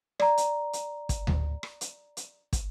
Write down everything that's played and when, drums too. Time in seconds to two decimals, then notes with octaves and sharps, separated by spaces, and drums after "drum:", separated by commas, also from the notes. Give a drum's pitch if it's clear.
0.20 D5 A#5, drum: rim click
0.37 drum: hi-hat
0.73 drum: hi-hat
1.09 drum: kick, hi-hat
1.27 drum: tom D2
1.63 drum: rim click
1.81 drum: hi-hat
2.17 drum: hi-hat
2.53 drum: kick, hi-hat